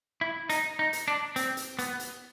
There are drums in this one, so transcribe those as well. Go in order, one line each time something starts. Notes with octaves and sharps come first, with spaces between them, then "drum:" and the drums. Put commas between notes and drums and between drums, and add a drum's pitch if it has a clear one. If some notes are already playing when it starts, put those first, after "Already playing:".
E4
D#4, drum: hi-hat
D#4
drum: hi-hat
D4
C4, drum: hi-hat
drum: hi-hat
B3, drum: hi-hat
drum: hi-hat